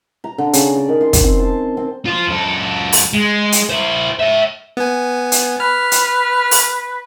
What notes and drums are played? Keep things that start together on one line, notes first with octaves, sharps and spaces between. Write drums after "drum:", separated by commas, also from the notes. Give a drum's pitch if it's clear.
A#5
D3
C#3, drum: hi-hat
D5
D#3
C6
drum: kick, hi-hat
C4
A5
C4
F4 C5
F#2 A4
drum: open hi-hat
G#3
drum: hi-hat
E4 C5
C#5 E5
B3 G#5
drum: hi-hat
B4 F6
drum: hi-hat
drum: open hi-hat